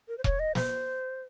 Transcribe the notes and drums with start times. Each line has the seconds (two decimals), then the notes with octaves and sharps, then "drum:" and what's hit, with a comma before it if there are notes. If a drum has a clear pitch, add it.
0.08 A#4
0.18 C5
0.24 C#5, drum: kick E1
0.40 D#5
0.55 C5, drum: snare